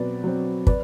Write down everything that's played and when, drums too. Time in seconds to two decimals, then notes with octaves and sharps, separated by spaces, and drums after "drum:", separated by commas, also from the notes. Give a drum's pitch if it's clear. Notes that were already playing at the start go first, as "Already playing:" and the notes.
Already playing: B2 F#3 C4 B4 D5
0.24 F#3 C4
0.67 B4 D5, drum: kick